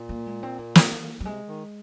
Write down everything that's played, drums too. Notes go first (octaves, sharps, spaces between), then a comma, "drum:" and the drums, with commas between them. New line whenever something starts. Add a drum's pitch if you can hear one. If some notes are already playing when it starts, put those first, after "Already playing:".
Already playing: A#2
A#3
G#3
C4
A#3
C4, drum: snare
A#3
F#3
C3 G#3
D#3